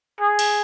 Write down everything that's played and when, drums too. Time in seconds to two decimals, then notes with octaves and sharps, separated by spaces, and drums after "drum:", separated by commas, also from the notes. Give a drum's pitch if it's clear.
0.21 G#4
0.39 drum: cymbal